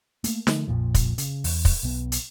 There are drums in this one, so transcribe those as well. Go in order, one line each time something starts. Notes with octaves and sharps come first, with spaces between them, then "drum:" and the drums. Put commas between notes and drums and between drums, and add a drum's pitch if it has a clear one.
A3 A#3, drum: hi-hat
D3 F3 A3, drum: snare
A#1 F2 A#2 F3
drum: kick, hi-hat
C#3, drum: hi-hat
E2, drum: open hi-hat
drum: kick, open hi-hat
B1 B3
drum: hi-hat